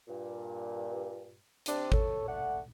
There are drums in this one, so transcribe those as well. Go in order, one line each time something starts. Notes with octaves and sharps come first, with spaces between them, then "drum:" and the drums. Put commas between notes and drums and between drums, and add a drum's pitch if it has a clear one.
G2 A#2
C3 C4 D4, drum: hi-hat
A4 C#5, drum: kick G#1
A3 D5 F#5